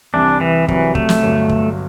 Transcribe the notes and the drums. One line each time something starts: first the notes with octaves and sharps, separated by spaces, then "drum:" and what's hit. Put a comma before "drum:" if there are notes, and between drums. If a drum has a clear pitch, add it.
C2 C3 E3 G3 D4
E3
C2 C3 E3 F#3, drum: kick
A3, drum: kick
drum: snare
G1 G2 D3 F#3
drum: kick